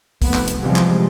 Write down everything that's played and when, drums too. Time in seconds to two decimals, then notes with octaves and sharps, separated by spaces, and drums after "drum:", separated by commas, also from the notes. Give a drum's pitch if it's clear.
0.22 F1 B3, drum: kick, open hi-hat
0.34 drum: clap
0.48 drum: hi-hat
0.62 C3 E3 F3 G3 G#3
0.76 drum: clap